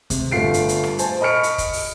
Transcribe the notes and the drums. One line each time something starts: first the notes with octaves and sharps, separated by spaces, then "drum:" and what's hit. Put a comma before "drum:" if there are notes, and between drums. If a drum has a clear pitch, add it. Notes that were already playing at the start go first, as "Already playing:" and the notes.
C3, drum: kick, hi-hat
G1 A3 F4 C7 D7
drum: hi-hat
drum: hi-hat
drum: rim click
C5 G#5 A5, drum: hi-hat
D#5 B5 C#6 F6 C#7 D7
drum: hi-hat
drum: kick, hi-hat
drum: open hi-hat